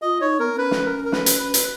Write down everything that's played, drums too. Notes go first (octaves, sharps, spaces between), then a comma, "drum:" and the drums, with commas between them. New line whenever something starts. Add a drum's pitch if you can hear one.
F4 D#5
D#4 C#5
B3 A#4
B3
C#4 B4
drum: snare
A#4
A#4
B4, drum: snare
drum: hi-hat
B4
drum: hi-hat